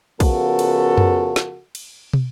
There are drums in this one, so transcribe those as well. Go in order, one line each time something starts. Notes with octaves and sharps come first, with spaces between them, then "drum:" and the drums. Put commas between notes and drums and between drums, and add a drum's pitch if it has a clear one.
C#3 F3 B3 F#4 A4 A#4, drum: kick, cymbal
drum: cymbal
drum: tom F#2
drum: snare
drum: cymbal
drum: tom